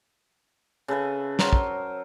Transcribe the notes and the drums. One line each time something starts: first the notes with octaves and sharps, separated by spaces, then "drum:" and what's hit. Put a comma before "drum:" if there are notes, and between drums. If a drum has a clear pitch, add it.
C#3 A4 B4 E5
F#3 A#4 C5, drum: snare
drum: kick